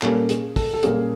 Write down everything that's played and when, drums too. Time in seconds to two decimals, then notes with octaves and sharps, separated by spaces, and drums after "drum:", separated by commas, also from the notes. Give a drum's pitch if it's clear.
0.02 A#2 G3 A#3 C#4 A4, drum: clap
0.29 G#4, drum: hi-hat
0.56 A4, drum: kick, open hi-hat
0.73 A4
0.83 A#2 G3 A#3 C#4 G#4 A#4, drum: hi-hat